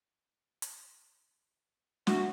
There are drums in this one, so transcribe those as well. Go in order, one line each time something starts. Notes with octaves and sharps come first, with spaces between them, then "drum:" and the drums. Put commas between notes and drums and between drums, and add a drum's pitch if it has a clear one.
drum: hi-hat
F#4 C#5 E5 F#5, drum: snare